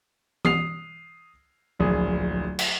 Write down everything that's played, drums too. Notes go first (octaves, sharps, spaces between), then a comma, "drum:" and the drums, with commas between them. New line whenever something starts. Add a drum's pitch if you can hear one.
D#6 C7 F7, drum: tom E3
D1 A#1 G#4
drum: cymbal